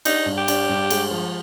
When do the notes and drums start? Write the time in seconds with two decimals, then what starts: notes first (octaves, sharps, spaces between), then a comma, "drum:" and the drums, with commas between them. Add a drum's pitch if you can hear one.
0.05 D4 D#4, drum: cymbal
0.26 G2
0.38 G4
0.48 D4, drum: cymbal
0.69 G2
0.90 G#3, drum: cymbal
1.11 F3